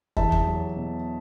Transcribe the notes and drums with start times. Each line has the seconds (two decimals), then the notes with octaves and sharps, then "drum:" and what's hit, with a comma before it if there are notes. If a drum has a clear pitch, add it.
0.17 E2 E5 A5, drum: kick
0.32 drum: kick
0.47 F#3
0.76 B2